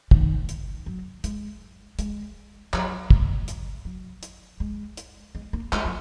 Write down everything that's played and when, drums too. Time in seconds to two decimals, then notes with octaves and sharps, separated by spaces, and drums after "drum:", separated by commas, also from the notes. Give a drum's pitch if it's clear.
0.11 D#3, drum: kick
0.49 drum: hi-hat
0.86 F#3
1.24 G#3, drum: hi-hat
1.99 G#3, drum: hi-hat
2.73 F#3, drum: clap
3.10 drum: kick
3.48 drum: hi-hat
3.85 F#3
4.23 drum: hi-hat
4.60 G#3
4.97 drum: hi-hat
5.35 G#3
5.53 A#3
5.73 G#3, drum: clap
5.85 F#3